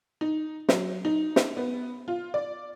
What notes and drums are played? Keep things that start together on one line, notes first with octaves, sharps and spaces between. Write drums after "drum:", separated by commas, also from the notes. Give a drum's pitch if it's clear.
D#4
F#3, drum: snare
D#4
drum: snare
B3
F4
D5